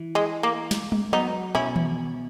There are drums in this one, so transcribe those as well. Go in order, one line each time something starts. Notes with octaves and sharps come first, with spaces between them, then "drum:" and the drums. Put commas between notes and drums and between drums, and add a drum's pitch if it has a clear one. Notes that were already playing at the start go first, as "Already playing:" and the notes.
Already playing: E3
G#3
A#3
drum: snare
drum: tom G3
F#3 B3 D#4
B2 C#4 E4
drum: tom D#3